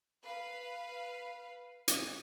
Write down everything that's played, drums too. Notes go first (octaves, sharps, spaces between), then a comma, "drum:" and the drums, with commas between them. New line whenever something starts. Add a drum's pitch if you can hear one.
B4 F5
drum: hi-hat